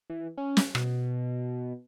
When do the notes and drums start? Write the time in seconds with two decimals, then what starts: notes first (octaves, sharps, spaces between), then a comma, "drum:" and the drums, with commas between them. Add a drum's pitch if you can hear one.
0.10 E3
0.38 C#4
0.57 drum: snare
0.75 B2, drum: rim click